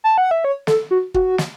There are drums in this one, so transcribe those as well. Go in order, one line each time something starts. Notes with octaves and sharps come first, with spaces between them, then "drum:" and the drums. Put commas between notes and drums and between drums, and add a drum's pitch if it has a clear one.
A5
F#5
E5
C#5
A4, drum: snare
F#4
F#4, drum: kick
drum: snare